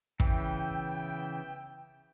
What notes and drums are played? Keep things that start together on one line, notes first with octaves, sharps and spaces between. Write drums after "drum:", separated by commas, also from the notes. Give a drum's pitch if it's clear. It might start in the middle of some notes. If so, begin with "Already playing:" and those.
C#3 E3 B3 E5 G5, drum: kick